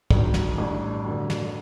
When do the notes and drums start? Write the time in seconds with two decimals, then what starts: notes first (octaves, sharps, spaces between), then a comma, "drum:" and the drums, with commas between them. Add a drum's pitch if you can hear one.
0.11 G1 G2 D#3 F#3, drum: kick
0.34 drum: snare
0.58 A1 A2 G3 D4
1.06 A1 G2 D3 F#3
1.30 drum: snare